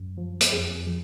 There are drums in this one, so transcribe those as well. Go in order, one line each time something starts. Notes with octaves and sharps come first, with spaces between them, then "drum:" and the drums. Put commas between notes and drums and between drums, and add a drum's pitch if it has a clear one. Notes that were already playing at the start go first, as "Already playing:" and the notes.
Already playing: F#2
F3
drum: hi-hat
F2 G#4
F3